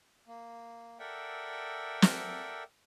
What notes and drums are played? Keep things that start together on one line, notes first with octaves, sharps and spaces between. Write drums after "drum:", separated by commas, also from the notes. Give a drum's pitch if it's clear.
A#3
A4 A#4 D5 E5 F#5 G5
drum: snare